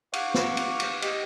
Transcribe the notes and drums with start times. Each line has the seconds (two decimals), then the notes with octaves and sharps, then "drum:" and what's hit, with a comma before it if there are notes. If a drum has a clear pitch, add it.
0.13 F5 F#5 C#6 D6, drum: cymbal
0.34 drum: snare
0.57 drum: cymbal
0.80 drum: cymbal
1.02 G4 D#5, drum: cymbal